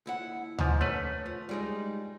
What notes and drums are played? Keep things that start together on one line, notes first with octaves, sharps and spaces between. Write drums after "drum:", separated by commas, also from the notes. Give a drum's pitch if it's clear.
D#2 E4 F#5
G#2 F3, drum: tom D2
A3 C#4 B4
F3
G3 G#3 D#4